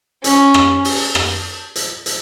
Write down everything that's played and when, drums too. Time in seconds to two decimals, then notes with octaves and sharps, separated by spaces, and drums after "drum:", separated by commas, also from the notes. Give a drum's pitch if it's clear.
0.24 C#4, drum: hi-hat
0.54 drum: rim click
0.85 drum: open hi-hat
1.15 drum: rim click
1.76 drum: hi-hat
2.06 drum: hi-hat